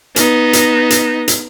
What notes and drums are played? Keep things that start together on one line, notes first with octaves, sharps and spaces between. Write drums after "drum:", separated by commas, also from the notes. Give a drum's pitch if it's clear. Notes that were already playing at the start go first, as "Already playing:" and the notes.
B3 D#4, drum: hi-hat
drum: hi-hat
drum: hi-hat
drum: hi-hat